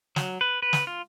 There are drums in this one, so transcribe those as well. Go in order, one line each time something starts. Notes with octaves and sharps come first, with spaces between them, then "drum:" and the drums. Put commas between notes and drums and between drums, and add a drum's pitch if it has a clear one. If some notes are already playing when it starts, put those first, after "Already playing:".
F#3, drum: snare
B4
B4
drum: snare
F4